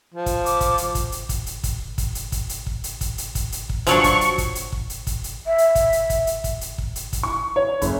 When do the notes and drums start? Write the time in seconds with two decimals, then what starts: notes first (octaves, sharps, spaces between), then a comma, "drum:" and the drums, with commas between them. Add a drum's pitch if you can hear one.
0.14 F3
0.26 drum: kick, hi-hat
0.46 D6, drum: hi-hat
0.61 drum: kick, hi-hat
0.78 drum: hi-hat
0.95 drum: kick, hi-hat
1.12 drum: hi-hat
1.29 drum: kick, hi-hat
1.46 drum: hi-hat
1.64 drum: kick, hi-hat
1.98 drum: kick, hi-hat
2.15 drum: hi-hat
2.32 drum: kick, hi-hat
2.49 drum: hi-hat
2.67 drum: kick
2.84 drum: hi-hat
3.01 drum: kick, hi-hat
3.18 drum: hi-hat
3.35 drum: kick, hi-hat
3.52 drum: hi-hat
3.69 drum: kick
3.87 F3 F#3 D4 C#6, drum: hi-hat
4.04 drum: kick, hi-hat
4.21 drum: hi-hat
4.38 drum: kick, hi-hat
4.55 drum: hi-hat
4.72 drum: kick
4.90 drum: hi-hat
5.07 drum: kick, hi-hat
5.24 drum: hi-hat
5.47 E5
5.58 drum: hi-hat
5.75 drum: kick, hi-hat
5.93 drum: hi-hat
6.10 drum: kick, hi-hat
6.27 drum: hi-hat
6.44 drum: kick, hi-hat
6.61 drum: hi-hat
6.78 drum: kick
6.96 drum: hi-hat
7.13 drum: kick, hi-hat
7.23 C#6
7.56 C#5
7.82 F#1, drum: kick, hi-hat